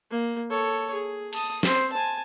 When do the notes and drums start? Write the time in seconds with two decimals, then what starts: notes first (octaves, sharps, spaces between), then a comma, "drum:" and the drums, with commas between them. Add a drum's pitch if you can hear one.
0.11 A#3
0.50 A4 C#5
0.93 G#4
1.33 A5 D#6, drum: cymbal
1.63 C4 C5, drum: snare
1.93 G#5 A5